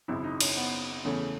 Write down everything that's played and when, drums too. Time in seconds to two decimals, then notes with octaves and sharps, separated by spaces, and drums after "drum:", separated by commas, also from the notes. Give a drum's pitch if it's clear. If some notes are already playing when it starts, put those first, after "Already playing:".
0.08 G#1 F#2 C#3 E4
0.24 D#4
0.41 C#4, drum: cymbal
0.57 B3
1.04 E2 C#3 E3 A3 C#4